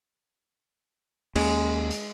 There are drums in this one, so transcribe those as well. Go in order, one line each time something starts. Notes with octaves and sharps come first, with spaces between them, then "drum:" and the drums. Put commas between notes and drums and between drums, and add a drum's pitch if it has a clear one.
D#2 G#3 A#3 C#4, drum: cymbal
drum: hi-hat